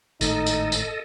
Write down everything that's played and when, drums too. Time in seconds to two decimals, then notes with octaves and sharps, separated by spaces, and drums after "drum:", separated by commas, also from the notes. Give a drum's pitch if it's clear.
0.21 G#1 A2 D#4 A4 D#5, drum: tambourine
0.46 drum: tambourine
0.72 drum: tambourine